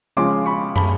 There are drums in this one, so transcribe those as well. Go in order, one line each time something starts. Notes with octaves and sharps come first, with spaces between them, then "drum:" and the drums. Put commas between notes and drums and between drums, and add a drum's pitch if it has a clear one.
C#3 F3 G#3 C6 D6
B5 C#6
A5 B5, drum: tom